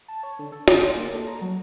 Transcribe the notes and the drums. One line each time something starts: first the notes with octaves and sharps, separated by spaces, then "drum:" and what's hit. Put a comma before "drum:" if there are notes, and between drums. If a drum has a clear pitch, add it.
A5
C#5
D3
A4
D3, drum: snare
C6
A#3
A4
A#5
F#3